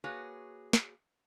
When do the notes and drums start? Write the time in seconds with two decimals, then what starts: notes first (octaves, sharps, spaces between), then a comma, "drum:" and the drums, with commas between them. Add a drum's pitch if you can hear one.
0.04 A#3 F#4 G#4 B4 C#5
0.73 drum: snare